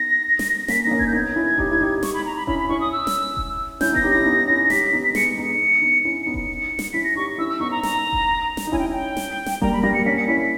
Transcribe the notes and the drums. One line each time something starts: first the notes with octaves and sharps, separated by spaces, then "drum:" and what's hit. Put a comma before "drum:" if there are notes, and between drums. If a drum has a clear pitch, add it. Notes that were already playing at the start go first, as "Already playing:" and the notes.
Already playing: B3 D#4 A#6
drum: snare
A#3 C#4 B6, drum: snare
D#4 A#6
A#3 C#4
G#6, drum: kick E1
G6
B3 D#4 G#6
C#4 E4
D#4 G4, drum: kick E1
E4
D#4 G4
C#6, drum: snare
B5
A#5
B5
C#4 E4 B5, drum: kick E1
B5
C#4 E4 C#6
D#6
E6
drum: snare
drum: kick E1
C#4 E4 G6, drum: snare
B3 D#4
A#6, drum: kick E1
D#4 G4
C#4 E4 A#6
B3 D#4
C#4 E4
D#4 G4 B6, drum: snare
B3 D#4
G#3 B3 C#7, drum: snare
B3 D#4 C#7
B3 D#4
C#4 E4 C#7
B3 D#4 C#7
drum: kick E1
drum: snare
C#4 E4 B6
A#6
D#4 G4 C#6
C#4 E4 E6
E6
B3 D#4 C#6
A#5
A#5, drum: snare
drum: kick E1
drum: snare
D#4
C#4 E4 G#5, drum: kick E1
G5
G5
drum: snare
drum: snare
G3 A#3 A#5, drum: kick E1
B5
G3 A#3 A#6
C#7
A#3 C#4 B6
C#7
C#4 E4 B6
B6